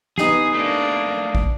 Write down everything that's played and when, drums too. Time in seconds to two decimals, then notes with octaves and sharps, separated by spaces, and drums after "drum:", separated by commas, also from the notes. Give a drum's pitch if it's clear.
0.18 B3 D#4 G4 G#4 D#6 C7, drum: snare
0.55 A3 A#3 D4
1.35 drum: kick